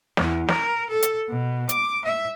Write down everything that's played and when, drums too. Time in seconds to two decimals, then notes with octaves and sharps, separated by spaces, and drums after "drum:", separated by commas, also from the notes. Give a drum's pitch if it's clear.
0.17 E2, drum: snare
0.48 A#4, drum: snare
0.89 A4
1.02 drum: hi-hat
1.28 B2
1.69 D6, drum: hi-hat
2.04 E5